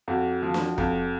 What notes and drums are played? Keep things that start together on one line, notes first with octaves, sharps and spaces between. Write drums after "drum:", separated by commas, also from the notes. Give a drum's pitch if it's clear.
F2 F#4
F3
drum: snare
F2, drum: kick